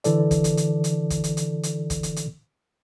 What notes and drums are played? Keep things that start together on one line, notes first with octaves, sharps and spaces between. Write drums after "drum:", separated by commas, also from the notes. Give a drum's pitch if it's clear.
D3 E3 A4 D5, drum: hi-hat
drum: kick, hi-hat
drum: hi-hat
drum: hi-hat
drum: hi-hat
drum: kick, hi-hat
drum: hi-hat
drum: hi-hat
drum: hi-hat
drum: kick, hi-hat
drum: hi-hat
drum: hi-hat